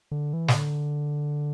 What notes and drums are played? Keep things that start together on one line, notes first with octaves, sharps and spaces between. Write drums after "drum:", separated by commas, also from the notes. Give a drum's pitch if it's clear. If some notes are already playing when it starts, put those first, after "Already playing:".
D3
E3
C3, drum: snare
D3